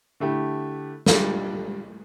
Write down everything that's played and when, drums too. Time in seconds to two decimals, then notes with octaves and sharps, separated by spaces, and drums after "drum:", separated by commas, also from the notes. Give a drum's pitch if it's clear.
0.20 D3 A3 E4 G4
1.06 G3 D4 F4, drum: snare